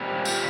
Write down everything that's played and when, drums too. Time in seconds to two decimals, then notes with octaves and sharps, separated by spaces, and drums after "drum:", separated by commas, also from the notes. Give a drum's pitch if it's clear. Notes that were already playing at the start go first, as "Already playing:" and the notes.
Already playing: A#2 G3 C4
0.18 G#4
0.25 F4 G4, drum: tambourine